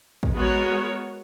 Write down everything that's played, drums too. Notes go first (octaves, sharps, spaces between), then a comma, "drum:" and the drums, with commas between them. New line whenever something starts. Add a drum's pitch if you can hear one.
drum: kick
G#3 B3 F#4 A#4 C#5